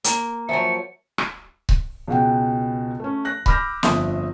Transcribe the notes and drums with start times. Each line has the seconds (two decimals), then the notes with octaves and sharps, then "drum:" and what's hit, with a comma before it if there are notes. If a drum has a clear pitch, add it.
0.04 A#3, drum: hi-hat
0.49 F3 F#3 E5 G5 C#7
1.18 drum: rim click
1.69 drum: kick C#1
2.08 C#2 B2 F#5 G5
3.00 A3 C#4
3.25 F#6 A#6
3.46 B5 D6 E6 F6 G6 A#6, drum: kick C#1
3.83 G1 F2 E5 D#6, drum: snare